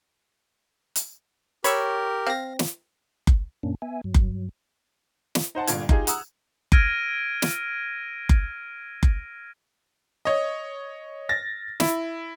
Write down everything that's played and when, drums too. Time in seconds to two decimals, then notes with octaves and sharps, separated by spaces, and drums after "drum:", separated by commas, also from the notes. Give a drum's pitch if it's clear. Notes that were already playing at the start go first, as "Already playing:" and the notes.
0.96 drum: hi-hat
1.64 G4 A#4 C#5 B5 C#6 E6, drum: hi-hat
2.27 C4 F5 A#6
2.59 drum: snare
3.27 drum: kick F#1
3.63 F#2 A#2 A#3 C#4 D4
3.82 B3 E5 G#5
4.04 G2 F#3
4.14 drum: kick F#1
5.35 drum: snare
5.55 D#4 C5 F#5 A5
5.67 G1 G2 A#2 D3 F4 G#6, drum: hi-hat
5.89 D#4 F4 G4 G#4, drum: kick F#1
6.07 F#5 A#5 D#6 E6 F#6, drum: hi-hat
6.72 E6 F6 G#6 A#6 D7 D#7, drum: kick F#1
7.42 drum: snare
8.29 drum: kick F#1
9.03 drum: kick F#1
10.25 C#5 D#5
11.29 A6 A#6
11.80 E4, drum: snare